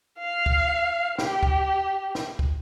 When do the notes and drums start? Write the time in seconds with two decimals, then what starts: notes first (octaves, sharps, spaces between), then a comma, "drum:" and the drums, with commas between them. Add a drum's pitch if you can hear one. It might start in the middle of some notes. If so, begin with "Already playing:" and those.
0.19 F5
0.46 drum: kick
1.18 G4, drum: snare
1.43 drum: kick
2.15 drum: snare
2.39 drum: kick